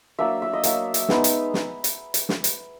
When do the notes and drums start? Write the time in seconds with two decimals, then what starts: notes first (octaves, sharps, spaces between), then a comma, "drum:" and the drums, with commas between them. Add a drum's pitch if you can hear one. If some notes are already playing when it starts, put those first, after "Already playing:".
0.19 F#3 A#3 D4 E5
0.42 E5
0.53 D#5
0.63 F#3 A#3 D4 E5, drum: hi-hat
0.94 drum: hi-hat
1.09 G#3 B3 D#4, drum: snare
1.24 drum: hi-hat
1.54 drum: snare
1.84 drum: hi-hat
2.14 drum: hi-hat
2.29 drum: snare
2.44 drum: hi-hat